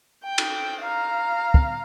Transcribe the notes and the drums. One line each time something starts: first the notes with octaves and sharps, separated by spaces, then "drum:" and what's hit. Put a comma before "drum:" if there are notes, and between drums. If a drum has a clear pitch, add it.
G5
drum: cymbal
F5 A#5
drum: kick